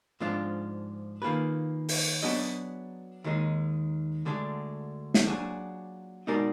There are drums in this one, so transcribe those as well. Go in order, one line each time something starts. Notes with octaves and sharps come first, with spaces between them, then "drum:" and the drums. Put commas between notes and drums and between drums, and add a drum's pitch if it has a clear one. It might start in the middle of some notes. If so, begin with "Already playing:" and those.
G#2 F3 G#3 D4 F4
D#3 A#3 F4 G#4 B4
drum: open hi-hat
F#3 B3 D4 G#4 D#5
D#2 D#3 G#3 D#4
D2 D3 G#3 D4
drum: snare
A#2 F#3 D4 G#4
B2 G#3 D#4 A#4 D5